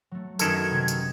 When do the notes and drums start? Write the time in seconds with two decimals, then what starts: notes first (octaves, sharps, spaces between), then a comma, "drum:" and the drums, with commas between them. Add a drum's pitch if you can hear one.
0.11 F#3 A3
0.39 F#2 D#3 A4 B4 G#6, drum: tambourine
0.71 C3 G#3
0.88 drum: tambourine